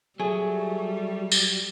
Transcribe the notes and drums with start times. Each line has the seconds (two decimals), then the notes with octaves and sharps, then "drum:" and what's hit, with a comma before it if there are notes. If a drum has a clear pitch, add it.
0.20 F#3 G3 A3 G#4
1.32 drum: tambourine